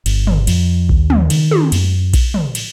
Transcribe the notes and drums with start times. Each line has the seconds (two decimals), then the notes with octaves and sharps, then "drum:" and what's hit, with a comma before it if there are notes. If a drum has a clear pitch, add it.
0.06 G1, drum: cymbal
0.27 drum: tom
0.47 F2, drum: cymbal
0.89 D#2, drum: kick A#1
1.10 drum: tom
1.30 D#3, drum: cymbal
1.51 drum: tom
1.72 F#2, drum: cymbal
2.14 drum: kick A#1, cymbal
2.34 drum: tom
2.55 drum: cymbal